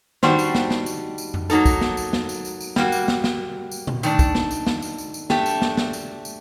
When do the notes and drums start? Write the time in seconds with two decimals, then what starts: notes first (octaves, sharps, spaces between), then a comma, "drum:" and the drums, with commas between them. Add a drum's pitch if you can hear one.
0.23 D#3 G3 D4 F#4 C5, drum: snare
0.39 drum: tambourine
0.55 drum: snare
0.70 drum: snare
0.86 drum: tambourine
1.18 drum: tambourine
1.34 drum: tom F2
1.50 F#3 A#3 D#4 A4, drum: tambourine
1.66 drum: kick, tambourine
1.81 drum: snare
1.97 drum: tambourine
2.13 drum: snare
2.29 drum: tambourine
2.45 drum: tambourine
2.61 drum: tambourine
2.76 G3 A#3 F#4, drum: snare
2.92 drum: tambourine
3.08 drum: snare
3.24 drum: snare
3.71 drum: tambourine
3.87 drum: tom A#2
4.03 D#3 A3 D4, drum: tambourine
4.19 drum: kick, tambourine
4.35 drum: snare
4.51 drum: tambourine
4.67 drum: snare
4.82 drum: tambourine
4.98 drum: tambourine
5.14 drum: tambourine
5.30 A3 D4 G4, drum: snare
5.46 drum: tambourine
5.62 drum: snare
5.77 drum: snare
5.93 drum: tambourine
6.25 drum: tambourine